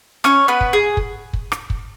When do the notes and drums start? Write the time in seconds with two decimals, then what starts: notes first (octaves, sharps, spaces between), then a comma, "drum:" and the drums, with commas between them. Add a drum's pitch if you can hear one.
0.24 C#4 C#5, drum: rim click
0.48 B3 B4
0.61 drum: kick
0.73 G#4
0.97 drum: kick
1.33 drum: kick
1.52 drum: rim click
1.70 drum: kick